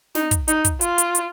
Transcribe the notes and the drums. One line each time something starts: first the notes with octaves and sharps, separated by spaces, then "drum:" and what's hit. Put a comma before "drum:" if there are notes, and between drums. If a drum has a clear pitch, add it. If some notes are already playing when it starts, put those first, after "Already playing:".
D#4, drum: snare
drum: kick, hi-hat
D#4, drum: hi-hat
drum: kick, hi-hat
F4, drum: hi-hat
drum: hi-hat
drum: hi-hat